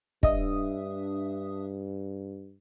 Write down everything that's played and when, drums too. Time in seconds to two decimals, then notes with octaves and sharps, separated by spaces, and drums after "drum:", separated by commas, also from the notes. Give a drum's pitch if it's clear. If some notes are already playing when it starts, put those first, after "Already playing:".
0.23 G2 D4 D#5 E5 D#6, drum: kick